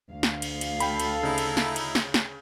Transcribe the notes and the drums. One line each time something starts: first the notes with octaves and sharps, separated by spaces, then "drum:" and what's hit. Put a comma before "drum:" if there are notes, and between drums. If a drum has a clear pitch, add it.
D2 F5
drum: snare
drum: cymbal
drum: cymbal
A4 G5 B5, drum: cymbal
drum: cymbal
C#3 D#4 E4
drum: cymbal
drum: snare
drum: cymbal
drum: snare
drum: snare